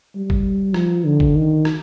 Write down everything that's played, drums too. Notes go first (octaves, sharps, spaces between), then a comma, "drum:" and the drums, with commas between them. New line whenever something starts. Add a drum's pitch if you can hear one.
G3
drum: kick
F3, drum: rim click
D3
drum: kick
D#3
drum: rim click